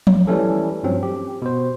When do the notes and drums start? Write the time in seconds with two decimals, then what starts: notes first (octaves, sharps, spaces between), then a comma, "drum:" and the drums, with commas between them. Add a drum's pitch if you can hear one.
0.07 drum: tom F3
0.27 E3 G3 A3 C#4 A4
0.83 G2 F3 F#3 C4 C#4
1.03 G4
1.42 B2 C5